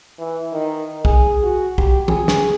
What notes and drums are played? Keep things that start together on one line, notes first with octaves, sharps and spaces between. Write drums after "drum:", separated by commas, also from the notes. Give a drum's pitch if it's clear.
E3
D#3
G#4, drum: kick B1
F#4
G4, drum: kick B1
G#4, drum: tom E3
drum: snare